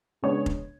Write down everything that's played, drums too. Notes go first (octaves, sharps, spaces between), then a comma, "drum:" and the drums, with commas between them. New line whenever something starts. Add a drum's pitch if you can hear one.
C#3 G#3 B3 D4 C#5
drum: kick F1